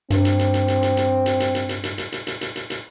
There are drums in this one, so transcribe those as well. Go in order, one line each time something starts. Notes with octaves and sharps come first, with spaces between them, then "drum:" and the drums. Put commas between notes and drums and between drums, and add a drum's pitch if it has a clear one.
G2 C4, drum: hi-hat
drum: hi-hat
drum: hi-hat
drum: hi-hat
drum: hi-hat
drum: hi-hat
drum: hi-hat
drum: hi-hat
drum: hi-hat
drum: hi-hat
drum: hi-hat
drum: hi-hat
drum: hi-hat
drum: hi-hat
drum: hi-hat
drum: hi-hat
drum: hi-hat
drum: hi-hat